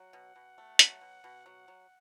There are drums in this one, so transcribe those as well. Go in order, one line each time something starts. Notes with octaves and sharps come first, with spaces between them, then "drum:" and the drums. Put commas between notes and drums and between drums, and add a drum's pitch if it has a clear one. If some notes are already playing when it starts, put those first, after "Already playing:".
Already playing: F#3 F#5
B2
B2
A3
F#3, drum: hi-hat
B2
B2
F#3
F#3